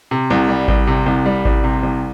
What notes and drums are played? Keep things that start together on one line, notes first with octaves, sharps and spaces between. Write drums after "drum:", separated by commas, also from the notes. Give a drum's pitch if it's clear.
C3
C2
G3
C2, drum: kick G#1
C3
C2
G3
C2, drum: kick G#1
C3
C2